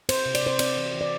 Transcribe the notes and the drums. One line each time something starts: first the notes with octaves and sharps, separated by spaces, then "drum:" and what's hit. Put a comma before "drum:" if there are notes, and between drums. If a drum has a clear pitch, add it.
C4 C5, drum: cymbal
C3
D5, drum: cymbal
C3 C5
C4 D5, drum: cymbal
E3
E3
D5